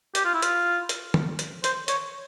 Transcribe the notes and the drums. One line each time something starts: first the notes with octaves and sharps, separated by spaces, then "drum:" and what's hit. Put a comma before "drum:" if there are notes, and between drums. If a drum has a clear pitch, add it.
G4, drum: hi-hat
F4
E4
F4, drum: hi-hat
drum: hi-hat
drum: tom D#3
drum: hi-hat
C5, drum: hi-hat
C#5, drum: hi-hat